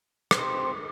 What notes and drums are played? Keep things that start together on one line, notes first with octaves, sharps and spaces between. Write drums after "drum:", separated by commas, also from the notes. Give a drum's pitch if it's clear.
C3 F3 C4 D#4, drum: rim click